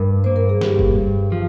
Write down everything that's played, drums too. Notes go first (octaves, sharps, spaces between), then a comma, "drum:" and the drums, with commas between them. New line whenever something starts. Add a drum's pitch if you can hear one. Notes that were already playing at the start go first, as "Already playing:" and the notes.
Already playing: G2 A#4
A#3 C5
A#4
G#4
G2 G4, drum: snare
drum: kick F1
G2
F3